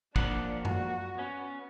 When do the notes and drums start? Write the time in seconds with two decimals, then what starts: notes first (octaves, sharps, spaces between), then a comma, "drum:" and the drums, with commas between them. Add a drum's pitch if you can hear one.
0.16 F3 A#3 D4 F#5, drum: kick
0.65 F#4, drum: tom F#2
1.19 B3 C#4